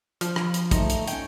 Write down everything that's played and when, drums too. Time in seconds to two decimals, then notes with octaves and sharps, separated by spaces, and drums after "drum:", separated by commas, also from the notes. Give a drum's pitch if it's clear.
0.21 F3 F6, drum: hi-hat
0.36 drum: rim click
0.54 drum: hi-hat
0.71 A3 D#4, drum: kick, hi-hat
0.90 drum: hi-hat
1.08 C#4 G5, drum: hi-hat